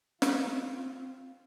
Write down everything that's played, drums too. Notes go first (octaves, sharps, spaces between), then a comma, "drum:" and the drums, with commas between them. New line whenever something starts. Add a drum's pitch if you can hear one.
C4 F4, drum: snare